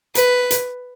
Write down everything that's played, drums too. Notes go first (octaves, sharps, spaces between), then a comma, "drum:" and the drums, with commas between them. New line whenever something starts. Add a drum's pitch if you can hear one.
B4, drum: hi-hat
drum: hi-hat